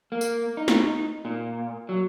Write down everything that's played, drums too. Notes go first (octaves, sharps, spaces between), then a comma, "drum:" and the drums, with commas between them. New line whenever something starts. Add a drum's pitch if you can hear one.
A#3
drum: tambourine
D#4
drum: snare
A#2
F#3